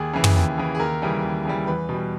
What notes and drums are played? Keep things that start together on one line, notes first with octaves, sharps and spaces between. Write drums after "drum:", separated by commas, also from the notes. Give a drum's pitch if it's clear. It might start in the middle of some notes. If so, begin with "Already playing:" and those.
Already playing: D#2 G#4
C#3 E3
drum: tom
D#2
C#3 E3
G#4
D#2 A#4
C#3 E3 G3
D#2
C#3 E3 G3
E2 B4
B2
G3